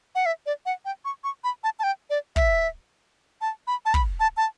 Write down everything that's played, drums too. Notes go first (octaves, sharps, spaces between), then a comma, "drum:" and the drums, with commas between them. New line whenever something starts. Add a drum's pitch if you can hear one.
F#5
E5
D5
F#5
G5
C#6
C#6
B5
A5
A5
G5
D5
E5, drum: kick
A5
B5
A5
B5, drum: kick
A5
A5